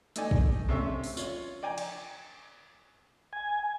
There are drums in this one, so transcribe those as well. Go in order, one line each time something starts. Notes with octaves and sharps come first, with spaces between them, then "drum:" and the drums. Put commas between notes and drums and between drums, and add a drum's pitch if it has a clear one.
A3 D#4 D5 G#5, drum: hi-hat
drum: kick
C3 A3 C#4 E5 C#6
drum: open hi-hat
F4 C#5, drum: tambourine
D5 G5 G#5 A#5
drum: cymbal
G#5